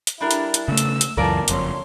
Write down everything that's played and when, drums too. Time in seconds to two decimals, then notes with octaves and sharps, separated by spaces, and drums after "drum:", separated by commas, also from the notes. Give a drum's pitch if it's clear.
0.07 drum: hi-hat
0.21 G3 D4 E4 G4 A#4
0.31 drum: hi-hat
0.54 drum: hi-hat
0.68 C#3 A3 E6
0.77 drum: hi-hat
1.01 drum: hi-hat
1.17 C#2 F#2 E3 F4 A#4 D5 G#5 A5
1.48 F#1 F2 C#5 C6, drum: hi-hat